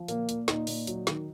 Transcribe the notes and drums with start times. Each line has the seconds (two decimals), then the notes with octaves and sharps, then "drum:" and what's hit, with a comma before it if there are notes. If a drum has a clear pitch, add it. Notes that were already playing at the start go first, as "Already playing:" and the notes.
Already playing: F3
0.08 A#2 A#3, drum: hi-hat
0.29 A#2, drum: hi-hat
0.48 A#2 D#4, drum: snare
0.67 A#2, drum: open hi-hat
0.87 F#3, drum: hi-hat
1.07 D#3, drum: snare